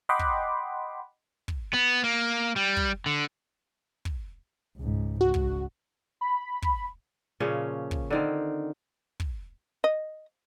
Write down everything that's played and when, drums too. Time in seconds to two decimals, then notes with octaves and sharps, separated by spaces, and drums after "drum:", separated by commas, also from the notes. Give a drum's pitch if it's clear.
0.09 D#5 F#5 G5 B5 C6 D6
0.19 drum: kick
1.48 drum: kick
1.74 B3
2.04 A#3
2.56 G3
2.77 drum: kick
3.06 D3
4.05 drum: kick
4.77 C#2 G#2
5.21 C#2 F#4
5.34 drum: kick
6.21 B5
6.62 drum: kick
7.40 A#2 C#3 F3 C#4
7.91 drum: kick
8.11 D3 D#3 C4
9.20 drum: kick
9.84 D#5